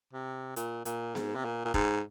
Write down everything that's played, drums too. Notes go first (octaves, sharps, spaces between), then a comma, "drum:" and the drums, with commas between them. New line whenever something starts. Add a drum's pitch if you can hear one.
C3
A#2, drum: hi-hat
A#2, drum: hi-hat
G#2, drum: snare B3
C3
A#2
A#2
G#2, drum: kick F1